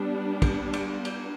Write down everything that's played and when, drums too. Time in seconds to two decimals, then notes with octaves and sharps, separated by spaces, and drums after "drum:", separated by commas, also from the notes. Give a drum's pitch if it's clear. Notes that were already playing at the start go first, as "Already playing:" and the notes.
Already playing: G3 B3 D4
0.42 drum: kick, cymbal
0.73 drum: cymbal
1.05 drum: cymbal